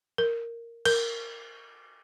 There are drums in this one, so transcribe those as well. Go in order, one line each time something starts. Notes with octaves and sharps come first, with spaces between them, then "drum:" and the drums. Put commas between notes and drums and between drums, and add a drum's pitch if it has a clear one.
A#4
A#4, drum: cymbal